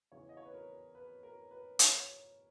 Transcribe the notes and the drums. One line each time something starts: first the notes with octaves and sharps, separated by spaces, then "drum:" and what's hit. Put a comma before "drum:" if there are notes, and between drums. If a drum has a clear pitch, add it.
E2 C#3 E3 C#5
D#5
C#5
B4
A#4
B4
A#4
B4
C#5, drum: hi-hat